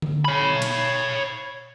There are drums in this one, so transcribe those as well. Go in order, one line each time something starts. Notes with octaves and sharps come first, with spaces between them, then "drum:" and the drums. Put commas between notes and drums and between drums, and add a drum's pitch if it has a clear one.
drum: tom D3
C#5 B5
drum: cymbal